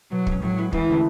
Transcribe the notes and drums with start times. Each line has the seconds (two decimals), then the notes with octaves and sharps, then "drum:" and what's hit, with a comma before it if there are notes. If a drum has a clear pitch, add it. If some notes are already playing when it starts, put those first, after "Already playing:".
0.12 B2 F#3
0.27 G#3 C#4, drum: kick
0.42 A2 F#3
0.57 G#3 B3 E4
0.73 E2 E3, drum: kick
0.88 D3 A3 C#4 G#4